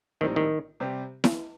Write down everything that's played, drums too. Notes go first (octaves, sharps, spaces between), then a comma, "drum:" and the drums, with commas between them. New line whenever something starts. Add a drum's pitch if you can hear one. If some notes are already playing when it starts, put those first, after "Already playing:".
A#1 A2 D#3 G3 C4 D#4
D#3
C3 G3 C4 G4
drum: snare E4